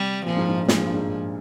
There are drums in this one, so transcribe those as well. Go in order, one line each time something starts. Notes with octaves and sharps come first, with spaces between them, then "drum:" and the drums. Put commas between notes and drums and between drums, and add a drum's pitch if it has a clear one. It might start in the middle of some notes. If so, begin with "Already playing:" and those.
Already playing: C3 G3
A#2 F3
G#2
G#2
G2
A#2 F3, drum: snare
G#2
G2
G#2